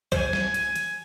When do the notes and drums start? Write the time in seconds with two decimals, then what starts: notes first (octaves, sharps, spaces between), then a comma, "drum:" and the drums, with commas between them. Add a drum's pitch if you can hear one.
0.12 C5 G#5, drum: kick C2, hi-hat
0.33 drum: snare
0.54 drum: hi-hat
0.76 drum: hi-hat